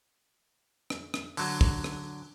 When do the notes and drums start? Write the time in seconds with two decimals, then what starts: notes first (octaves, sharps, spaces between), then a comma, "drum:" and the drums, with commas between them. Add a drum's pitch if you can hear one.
0.90 drum: rim click
1.14 drum: rim click
1.37 D3 F#3, drum: open hi-hat
1.61 drum: kick
1.84 drum: rim click